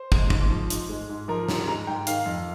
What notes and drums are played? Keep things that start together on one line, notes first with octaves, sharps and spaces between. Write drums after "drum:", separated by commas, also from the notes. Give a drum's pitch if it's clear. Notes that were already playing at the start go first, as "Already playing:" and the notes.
Already playing: C5
G#3, drum: kick
G#2, drum: kick
F3
G#2, drum: hi-hat
G#3
G#2
F3 A#4
G#2, drum: snare
G#3 A#5
G#2 G5
D#3 F5, drum: hi-hat
F2